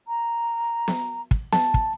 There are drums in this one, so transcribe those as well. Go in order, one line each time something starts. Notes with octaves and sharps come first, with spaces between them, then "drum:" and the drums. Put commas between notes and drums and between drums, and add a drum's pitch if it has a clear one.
A#5
drum: snare B3
drum: kick
A5, drum: snare B3
drum: kick